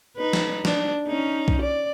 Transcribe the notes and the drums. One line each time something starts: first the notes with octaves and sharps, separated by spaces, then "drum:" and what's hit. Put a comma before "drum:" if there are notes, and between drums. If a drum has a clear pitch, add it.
D#4 B4
drum: snare
D4, drum: snare
C#4 D#4
drum: kick B1
D5